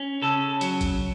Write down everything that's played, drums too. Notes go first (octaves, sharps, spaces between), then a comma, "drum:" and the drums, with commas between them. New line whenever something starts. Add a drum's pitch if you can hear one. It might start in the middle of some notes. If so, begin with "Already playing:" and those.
Already playing: C#4
C#3 A4
F#3, drum: hi-hat
drum: kick A1, hi-hat